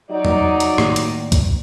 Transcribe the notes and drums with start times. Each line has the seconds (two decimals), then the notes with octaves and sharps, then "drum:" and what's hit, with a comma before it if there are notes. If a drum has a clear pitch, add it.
0.11 F#3 D#4 D5
0.25 drum: tom E2
0.60 drum: hi-hat
0.78 A2 D#3 A#3, drum: rim click
0.96 drum: hi-hat
1.32 drum: kick, hi-hat